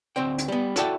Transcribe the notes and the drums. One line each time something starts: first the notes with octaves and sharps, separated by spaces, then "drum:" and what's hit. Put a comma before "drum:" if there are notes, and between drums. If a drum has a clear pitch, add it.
D2 C4 C5 G5
drum: hi-hat
G3 B3
E4 F#4 A4 D5 E5 G5, drum: hi-hat